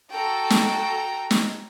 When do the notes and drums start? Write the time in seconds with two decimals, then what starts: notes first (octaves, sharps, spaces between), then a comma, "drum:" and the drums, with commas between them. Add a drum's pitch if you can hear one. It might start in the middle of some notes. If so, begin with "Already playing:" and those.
0.10 F#4 A4 G5 A#5
0.50 drum: snare
1.31 drum: snare